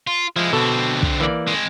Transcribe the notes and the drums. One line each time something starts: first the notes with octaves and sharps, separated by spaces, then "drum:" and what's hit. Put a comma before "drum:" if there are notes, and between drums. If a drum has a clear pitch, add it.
F4
F3 G#3 E4
B2 D3 C4 A4
drum: kick
E3 A#3 D5
G#3 C4